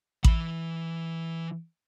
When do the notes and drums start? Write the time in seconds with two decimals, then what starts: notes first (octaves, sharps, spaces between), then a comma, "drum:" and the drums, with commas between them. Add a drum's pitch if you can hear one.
0.24 E3 B5, drum: kick A1